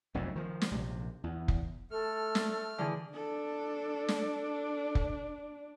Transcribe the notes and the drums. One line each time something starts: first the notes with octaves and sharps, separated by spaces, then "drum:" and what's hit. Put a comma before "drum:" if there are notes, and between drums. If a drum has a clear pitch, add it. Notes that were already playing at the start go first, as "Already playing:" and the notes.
F1 B1 F2 A2
D#3 F3
drum: snare
A#1 C3
E2
drum: kick F1
A3 A4 F6
drum: snare
D3 E3 G#4
D4 A4
drum: snare
drum: kick F1